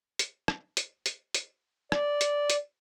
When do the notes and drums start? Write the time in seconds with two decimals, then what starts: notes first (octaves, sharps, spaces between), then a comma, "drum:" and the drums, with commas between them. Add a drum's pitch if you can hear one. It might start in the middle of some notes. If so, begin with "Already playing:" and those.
0.19 drum: hi-hat
0.48 drum: rim click
0.77 drum: hi-hat
1.06 drum: hi-hat
1.34 drum: hi-hat
1.92 D5, drum: rim click
2.21 drum: hi-hat
2.50 drum: hi-hat